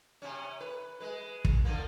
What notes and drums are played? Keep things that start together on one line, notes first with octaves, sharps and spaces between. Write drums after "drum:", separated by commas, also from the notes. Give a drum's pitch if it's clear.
C3 C#4
B4
G#3 B4
drum: kick
D3 F3 A#3